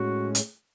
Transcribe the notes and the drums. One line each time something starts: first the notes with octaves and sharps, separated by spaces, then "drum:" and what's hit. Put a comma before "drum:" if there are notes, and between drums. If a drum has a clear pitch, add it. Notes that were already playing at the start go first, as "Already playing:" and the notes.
Already playing: A2 G#3 C#4 F#4
drum: hi-hat